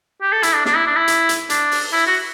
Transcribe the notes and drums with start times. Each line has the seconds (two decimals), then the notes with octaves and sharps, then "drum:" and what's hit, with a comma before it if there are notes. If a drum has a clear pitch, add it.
0.22 G4
0.32 A4
0.43 E4, drum: hi-hat
0.54 D4
0.66 D4, drum: snare
0.76 E4
0.86 D4
0.96 E4
1.08 drum: hi-hat
1.29 drum: hi-hat
1.50 D4, drum: hi-hat
1.71 drum: open hi-hat
1.93 E4
2.07 F#4